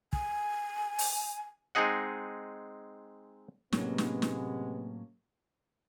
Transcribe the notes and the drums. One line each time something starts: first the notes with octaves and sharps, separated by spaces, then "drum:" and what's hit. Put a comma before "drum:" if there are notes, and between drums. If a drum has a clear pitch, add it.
G#5, drum: kick
drum: open hi-hat
G#3 C4 D#4 G#4 D#5 F#5
A2 C3 F#3 G#3 A#3 B3 C#4, drum: snare
drum: snare
drum: snare